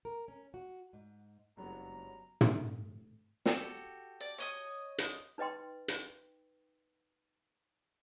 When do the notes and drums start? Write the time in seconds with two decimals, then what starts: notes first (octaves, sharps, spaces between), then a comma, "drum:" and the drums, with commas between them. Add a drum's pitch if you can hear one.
0.05 A#4
0.28 C#4
0.54 F#4
0.93 G#2
1.57 F#1 G2 F#3 G#3 B3 A#5
2.41 drum: tom
3.46 F#4 G4 A4, drum: snare
4.21 D5
4.38 C#5 D#5 D#6
4.98 drum: hi-hat
5.38 D#4 B4 D#5 G5 C6
5.88 drum: hi-hat